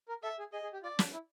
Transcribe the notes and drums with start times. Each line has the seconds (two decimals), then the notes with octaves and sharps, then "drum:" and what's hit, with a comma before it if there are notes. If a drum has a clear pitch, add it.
0.09 A#4
0.23 A4 E5
0.39 G#4
0.53 G#4 D#5
0.63 G#4
0.73 G4
0.83 F4 D5
0.99 D4, drum: snare
1.13 E4